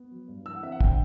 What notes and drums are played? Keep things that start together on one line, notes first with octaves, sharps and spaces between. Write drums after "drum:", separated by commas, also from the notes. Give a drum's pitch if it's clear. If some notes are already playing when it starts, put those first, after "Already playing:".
Already playing: B3
F#3
G2
E3 E6
F#5
C4 E5
F#5
D3 G5, drum: kick